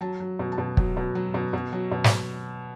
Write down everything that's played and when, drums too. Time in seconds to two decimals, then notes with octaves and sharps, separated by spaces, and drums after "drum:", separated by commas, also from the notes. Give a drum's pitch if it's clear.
0.01 F#3 A5
0.20 F#3
0.39 B2
0.52 A5
0.58 B2
0.77 F#3, drum: kick
0.97 B2
1.15 F#3
1.34 B2
1.53 B2
1.72 F#3
1.92 B2
2.04 drum: snare